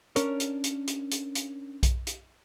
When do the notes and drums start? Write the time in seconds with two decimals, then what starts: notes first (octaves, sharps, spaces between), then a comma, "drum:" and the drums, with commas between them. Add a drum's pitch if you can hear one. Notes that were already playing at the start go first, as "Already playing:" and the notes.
0.16 C#4 D4 A#4 C#5, drum: hi-hat
0.40 drum: hi-hat
0.64 drum: hi-hat
0.87 drum: hi-hat
1.11 drum: hi-hat
1.35 drum: hi-hat
1.83 drum: kick B1, hi-hat
2.07 drum: hi-hat